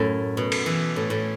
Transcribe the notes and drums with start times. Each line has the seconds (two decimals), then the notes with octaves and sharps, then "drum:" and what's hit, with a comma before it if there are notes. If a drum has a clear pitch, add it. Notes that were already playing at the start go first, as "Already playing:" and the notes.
Already playing: F#2 A2
0.37 B2
0.52 drum: cymbal
0.66 E3
0.96 A2
1.10 A2